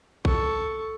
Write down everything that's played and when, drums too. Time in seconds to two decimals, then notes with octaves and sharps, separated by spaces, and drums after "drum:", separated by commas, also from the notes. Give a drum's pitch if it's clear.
0.25 A4 C#6, drum: kick A#1